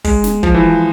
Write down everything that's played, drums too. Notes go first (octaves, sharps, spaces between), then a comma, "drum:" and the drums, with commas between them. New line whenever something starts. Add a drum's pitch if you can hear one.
G#3, drum: kick, open hi-hat
drum: snare
F3, drum: kick
E3
F3